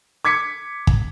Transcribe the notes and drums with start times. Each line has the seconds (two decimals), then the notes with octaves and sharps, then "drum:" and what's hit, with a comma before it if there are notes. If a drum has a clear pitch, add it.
0.25 D6 G#6 B6 C#7
0.87 drum: kick